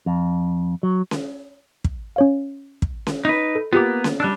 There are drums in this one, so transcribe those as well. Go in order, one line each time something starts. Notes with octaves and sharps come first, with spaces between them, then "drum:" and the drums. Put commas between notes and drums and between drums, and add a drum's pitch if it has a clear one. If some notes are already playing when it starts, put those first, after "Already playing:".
F2
F#3
drum: snare C#4
drum: kick
C#4 C#5 F5
drum: kick
drum: snare C#4
D#4 B4
A4
A#3 B3 F4 G4 D6
drum: snare C#4
G3 D4 E6 F#6